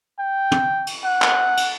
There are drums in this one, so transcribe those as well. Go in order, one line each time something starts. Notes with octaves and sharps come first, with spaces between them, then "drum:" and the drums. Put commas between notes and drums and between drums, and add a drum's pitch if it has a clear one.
G5
drum: tom
drum: cymbal
F#5
drum: clap
drum: cymbal